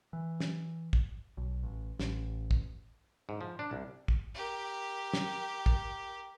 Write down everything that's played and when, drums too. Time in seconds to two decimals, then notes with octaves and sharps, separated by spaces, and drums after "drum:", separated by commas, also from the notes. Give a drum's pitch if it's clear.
0.13 E3
0.40 drum: snare
0.93 drum: kick
1.37 B1
1.63 A1
2.00 A1, drum: snare
2.51 drum: kick
3.29 G#2
3.41 F3
3.59 D4
3.71 C2
4.08 drum: kick
4.35 G4 A#4
5.13 drum: snare
5.66 drum: kick